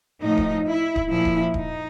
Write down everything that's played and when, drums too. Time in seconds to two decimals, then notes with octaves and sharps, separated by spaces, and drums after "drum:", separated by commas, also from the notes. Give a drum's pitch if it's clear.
0.22 A2 F3 D#4
0.37 drum: kick D1
0.67 E4
0.96 drum: kick D1
1.10 A#2 F3 E4
1.25 drum: kick D1
1.54 D#4, drum: kick D1